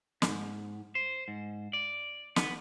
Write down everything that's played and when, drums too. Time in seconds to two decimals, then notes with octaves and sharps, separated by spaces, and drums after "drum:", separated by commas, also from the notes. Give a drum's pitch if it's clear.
0.22 G#2, drum: snare
0.95 C5
1.28 G#2
1.73 D5
2.36 B3, drum: snare